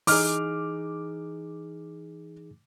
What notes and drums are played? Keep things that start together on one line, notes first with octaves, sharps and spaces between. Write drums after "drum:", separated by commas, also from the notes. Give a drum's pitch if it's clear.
E3 D#4 G#4 D6 F6, drum: open hi-hat